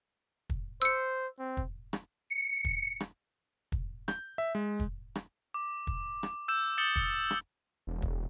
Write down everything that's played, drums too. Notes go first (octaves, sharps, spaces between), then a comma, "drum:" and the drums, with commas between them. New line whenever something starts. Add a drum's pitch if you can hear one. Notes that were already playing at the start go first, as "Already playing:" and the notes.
drum: kick
C5 E6 C#7
C4
drum: kick
drum: rim click
C#7
drum: kick
drum: rim click
drum: kick
G6, drum: rim click
E5
G#3
drum: kick
drum: rim click
D6
drum: kick
drum: rim click
E6 G6 E7
D#6 G6 A6 C#7 F#7 G7
C#7 G7, drum: kick
drum: rim click
E1
drum: kick